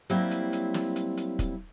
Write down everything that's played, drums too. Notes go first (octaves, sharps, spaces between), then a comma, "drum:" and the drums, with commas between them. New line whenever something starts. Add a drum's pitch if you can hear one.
F#3 G3 A#3 C4 E4, drum: hi-hat
drum: hi-hat
drum: hi-hat
drum: snare
drum: hi-hat
drum: hi-hat
drum: kick, hi-hat